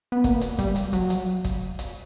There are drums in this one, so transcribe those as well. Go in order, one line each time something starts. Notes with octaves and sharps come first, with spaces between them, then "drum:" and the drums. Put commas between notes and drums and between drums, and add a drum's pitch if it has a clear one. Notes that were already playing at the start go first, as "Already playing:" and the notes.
B3
A#3, drum: kick, hi-hat
drum: hi-hat
G3, drum: kick, hi-hat
drum: hi-hat
F#3, drum: hi-hat
drum: hi-hat
drum: kick, hi-hat
drum: hi-hat